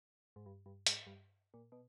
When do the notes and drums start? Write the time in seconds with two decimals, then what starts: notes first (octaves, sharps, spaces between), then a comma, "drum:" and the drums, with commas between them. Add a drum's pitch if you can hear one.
0.36 G#2
0.46 G2
0.66 G2
0.87 G#2, drum: hi-hat
1.07 G2
1.54 A#2
1.72 B2